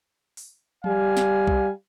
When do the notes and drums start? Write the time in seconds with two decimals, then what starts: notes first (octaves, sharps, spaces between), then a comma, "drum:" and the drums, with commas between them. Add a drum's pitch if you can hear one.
0.37 drum: open hi-hat
0.84 G3 F5 G#5, drum: tom F3
1.17 drum: snare
1.47 drum: kick C2